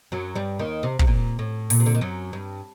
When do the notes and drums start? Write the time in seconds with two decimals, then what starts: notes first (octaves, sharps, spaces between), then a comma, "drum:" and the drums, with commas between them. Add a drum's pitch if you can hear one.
0.12 F#2 F#3
0.36 G2 G3
0.59 D#2 D#3
0.83 C3
0.99 C3, drum: kick
1.07 A#2
1.39 A2
1.70 A#2, drum: open hi-hat
1.80 C3
1.86 D3
1.95 D#3
2.01 F#2 F#3
2.33 G2